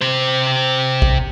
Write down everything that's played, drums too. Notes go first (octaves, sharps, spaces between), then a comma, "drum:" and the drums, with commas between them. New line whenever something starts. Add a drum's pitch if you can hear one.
C3 C5
drum: kick